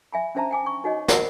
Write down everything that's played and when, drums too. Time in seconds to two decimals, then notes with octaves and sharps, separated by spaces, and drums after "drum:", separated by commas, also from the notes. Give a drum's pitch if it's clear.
0.12 E5 G#5 B5
0.35 C#4 D4 C5 E5 A5 A#5
0.51 G5 G#5 D6
0.66 C#6
0.84 D#4 F#4 C#5 D#5
1.08 A#4 C5 F#5 B5, drum: snare